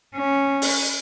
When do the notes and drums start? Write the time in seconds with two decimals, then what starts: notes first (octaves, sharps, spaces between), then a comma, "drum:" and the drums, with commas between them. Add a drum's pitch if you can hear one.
0.16 C#4
0.62 drum: open hi-hat